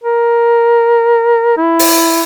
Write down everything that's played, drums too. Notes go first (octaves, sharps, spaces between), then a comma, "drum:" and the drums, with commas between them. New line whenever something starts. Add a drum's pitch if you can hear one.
A#4
E4
drum: open hi-hat